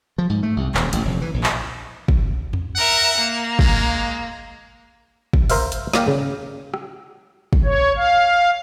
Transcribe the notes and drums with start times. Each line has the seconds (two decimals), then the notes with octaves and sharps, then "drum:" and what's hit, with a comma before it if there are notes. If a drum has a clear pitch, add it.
0.18 F3
0.30 G#2
0.43 A3
0.56 C2
0.75 D#1, drum: clap
0.93 A1, drum: hi-hat
1.05 F1
1.22 E3
1.34 A#1
1.43 drum: clap
2.08 drum: kick
2.53 drum: tom E2
2.76 A#4 E5 F#5
3.16 A#3
3.59 G#3, drum: kick
5.33 drum: kick
5.50 A#4 C5 E5 F5, drum: open hi-hat
5.72 drum: hi-hat
5.93 A#3 D5 F5 G5, drum: snare
6.08 C#3
6.74 drum: rim click
7.53 drum: kick
7.64 C#5
7.96 F5